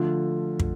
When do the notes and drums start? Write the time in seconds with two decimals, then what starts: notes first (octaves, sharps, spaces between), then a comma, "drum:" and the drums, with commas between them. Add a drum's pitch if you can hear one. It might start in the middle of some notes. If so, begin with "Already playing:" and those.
Already playing: D3 F3 A3 F4
0.59 drum: kick